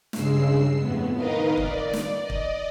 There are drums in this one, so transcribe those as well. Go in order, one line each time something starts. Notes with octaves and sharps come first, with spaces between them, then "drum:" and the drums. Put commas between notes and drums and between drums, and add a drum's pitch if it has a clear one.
G2 C#3 G#3 E6 C7, drum: snare
F2 A2 B3
D#3 D#4 A#4 B4 D#5 F5
D5, drum: kick
drum: snare
D5 D#5
drum: kick